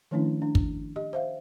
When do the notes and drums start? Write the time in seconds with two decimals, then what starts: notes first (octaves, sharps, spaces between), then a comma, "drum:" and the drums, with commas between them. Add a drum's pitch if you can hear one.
0.11 D#3 F3 A3 C#4 D4 E4
0.42 D4
0.55 drum: kick
0.96 G4 D#5
1.13 C5 E5 F5